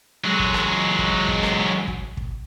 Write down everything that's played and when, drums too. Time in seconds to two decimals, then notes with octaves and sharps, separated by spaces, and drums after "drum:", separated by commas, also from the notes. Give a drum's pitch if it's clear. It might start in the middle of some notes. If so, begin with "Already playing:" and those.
0.24 F#3 G#3
0.39 drum: kick
0.54 drum: rim click
0.99 drum: kick
1.28 drum: kick
1.43 drum: rim click
1.88 drum: kick
2.17 drum: kick